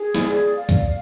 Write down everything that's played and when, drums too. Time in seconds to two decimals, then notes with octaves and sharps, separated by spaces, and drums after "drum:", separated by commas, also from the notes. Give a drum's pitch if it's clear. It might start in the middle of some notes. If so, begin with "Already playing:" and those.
Already playing: G#4
0.15 D5, drum: snare
0.56 F5
0.69 drum: kick, hi-hat